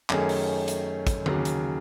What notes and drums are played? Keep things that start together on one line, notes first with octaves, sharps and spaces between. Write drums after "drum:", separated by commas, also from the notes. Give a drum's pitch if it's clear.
F#2 D#3 A3 C#4 G#4, drum: clap
drum: open hi-hat
drum: hi-hat
drum: kick, hi-hat
D#2 C#3 F#3, drum: tom D3
drum: hi-hat